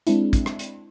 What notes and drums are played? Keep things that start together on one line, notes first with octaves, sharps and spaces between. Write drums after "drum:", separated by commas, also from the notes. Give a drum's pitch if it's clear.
G#3 C4 D4 E4, drum: hi-hat
drum: kick, hi-hat
drum: rim click
drum: hi-hat